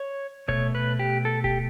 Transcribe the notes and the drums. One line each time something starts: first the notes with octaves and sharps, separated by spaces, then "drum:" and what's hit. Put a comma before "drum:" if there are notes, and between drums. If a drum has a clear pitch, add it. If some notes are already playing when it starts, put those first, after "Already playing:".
Already playing: C#5
B2 A3 C#5, drum: kick D1
B4
G4
A4
G4, drum: kick D1